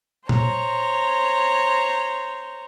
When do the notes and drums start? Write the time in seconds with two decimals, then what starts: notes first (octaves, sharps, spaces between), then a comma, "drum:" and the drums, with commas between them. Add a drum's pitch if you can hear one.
0.29 C5 C#5 A#5, drum: tom A#2